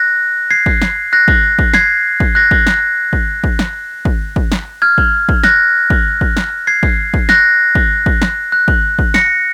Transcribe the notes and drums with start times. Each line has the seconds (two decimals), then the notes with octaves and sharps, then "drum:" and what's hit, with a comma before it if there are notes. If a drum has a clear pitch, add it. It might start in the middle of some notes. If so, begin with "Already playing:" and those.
Already playing: F#6 A#6
0.51 G#6 C7
0.66 drum: kick
0.82 drum: snare
1.13 F#6 A#6
1.28 drum: kick
1.59 drum: kick
1.74 G#6 C7, drum: snare
2.20 drum: kick
2.35 F#6 A#6
2.51 drum: kick
2.67 drum: snare
3.13 drum: kick
3.44 drum: kick
3.59 drum: snare
4.05 drum: kick
4.36 drum: kick
4.52 drum: snare
4.82 F6 G#6
4.98 drum: kick
5.29 drum: kick
5.43 F#6 A#6, drum: snare
5.90 drum: kick
6.21 drum: kick
6.37 drum: snare
6.67 G#6 C7
6.83 drum: kick
7.14 drum: kick
7.29 F#6 A#6, drum: snare
7.75 drum: kick
8.06 drum: kick
8.22 drum: snare
8.52 F#6
8.68 drum: kick
8.99 drum: kick
9.14 A#6 C#7, drum: snare